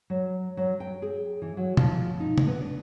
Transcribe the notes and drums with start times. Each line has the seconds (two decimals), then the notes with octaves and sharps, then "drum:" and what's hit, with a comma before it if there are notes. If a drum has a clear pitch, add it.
0.10 F#3
0.57 F#3
0.80 G5
1.02 G#4
1.42 E3
1.57 F#3
1.77 F3, drum: tom
2.20 D#4
2.38 drum: tom
2.47 B3
2.61 D4